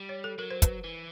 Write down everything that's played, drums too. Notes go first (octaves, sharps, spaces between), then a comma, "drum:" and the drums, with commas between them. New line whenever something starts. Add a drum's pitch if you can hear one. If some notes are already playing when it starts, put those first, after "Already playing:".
Already playing: G3
C#5
A4
F#3 A#4
C5
B4, drum: kick, hi-hat
E3